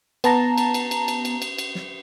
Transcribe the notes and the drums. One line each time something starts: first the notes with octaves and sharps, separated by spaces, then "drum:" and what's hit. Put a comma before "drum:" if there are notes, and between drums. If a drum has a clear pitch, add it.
B3 A5 A#5, drum: cymbal
drum: cymbal
drum: cymbal
drum: cymbal
drum: cymbal
drum: cymbal
drum: cymbal
drum: cymbal
drum: snare